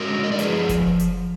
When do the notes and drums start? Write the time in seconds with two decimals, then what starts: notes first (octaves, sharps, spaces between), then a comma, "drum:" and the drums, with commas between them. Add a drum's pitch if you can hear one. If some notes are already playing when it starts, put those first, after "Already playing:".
Already playing: G#3 F#4 A#4
0.09 D3
0.24 D#5
0.32 D5
0.39 F3 G#4 B4, drum: hi-hat
0.69 drum: kick F#1, hi-hat
0.99 drum: hi-hat